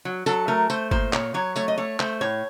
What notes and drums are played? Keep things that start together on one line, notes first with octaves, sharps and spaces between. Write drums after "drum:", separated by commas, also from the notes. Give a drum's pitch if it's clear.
F#3
F#3 A4, drum: tambourine
A3 A#4
A3 C5, drum: tambourine
A#2 C5, drum: kick G1
A#2 C#5, drum: clap
F#3 C#5
A3 C#5, drum: tambourine
D#5
A3 C#5
A3 C5, drum: clap
A2 C#5